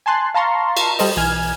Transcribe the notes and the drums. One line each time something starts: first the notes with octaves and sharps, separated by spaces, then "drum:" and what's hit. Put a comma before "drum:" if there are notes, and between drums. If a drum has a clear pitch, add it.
G#5 A5 C6 F#6
F5 A5 A#5 C6 C#6
drum: cymbal
G3 A4 C5 D#5, drum: open hi-hat
B1 E3 G#5 F6 G#6